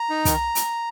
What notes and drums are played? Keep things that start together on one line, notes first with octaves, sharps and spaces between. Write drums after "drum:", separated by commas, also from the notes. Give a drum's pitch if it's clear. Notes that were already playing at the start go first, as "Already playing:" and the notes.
Already playing: A#5
D#4
D#3, drum: kick, hi-hat
drum: hi-hat